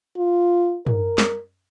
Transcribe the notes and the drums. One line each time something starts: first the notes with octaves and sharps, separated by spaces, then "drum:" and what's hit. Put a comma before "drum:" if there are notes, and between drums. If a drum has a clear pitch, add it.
F4
A#4, drum: tom
drum: snare